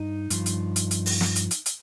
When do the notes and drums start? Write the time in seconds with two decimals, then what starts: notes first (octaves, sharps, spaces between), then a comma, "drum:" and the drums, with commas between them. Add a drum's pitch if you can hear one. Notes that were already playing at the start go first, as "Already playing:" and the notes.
Already playing: G2 D#4
0.30 G2 F3, drum: hi-hat
0.46 drum: hi-hat
0.76 drum: hi-hat
0.91 drum: hi-hat
1.06 drum: open hi-hat
1.21 drum: snare
1.36 drum: hi-hat
1.51 drum: hi-hat
1.66 drum: hi-hat